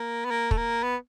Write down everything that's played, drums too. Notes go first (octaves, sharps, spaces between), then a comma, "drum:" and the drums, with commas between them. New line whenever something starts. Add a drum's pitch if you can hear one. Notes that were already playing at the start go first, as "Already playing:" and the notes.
Already playing: A#3
B3
A#3
A3, drum: kick
A#3
B3